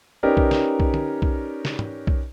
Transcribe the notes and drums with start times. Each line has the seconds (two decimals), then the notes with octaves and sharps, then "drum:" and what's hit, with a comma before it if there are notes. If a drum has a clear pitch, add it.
0.23 C#4 D#4 G4 A#4 B4 D5
0.37 drum: kick B1
0.51 drum: snare
0.80 drum: kick B1
0.94 drum: tom
1.22 drum: kick B1
1.65 drum: snare
1.79 drum: tom
2.07 drum: kick B1